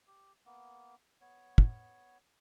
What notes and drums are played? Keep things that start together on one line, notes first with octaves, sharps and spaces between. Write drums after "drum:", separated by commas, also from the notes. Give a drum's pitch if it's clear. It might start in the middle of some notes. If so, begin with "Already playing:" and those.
G4
A#3 B3
B3 C#5
drum: kick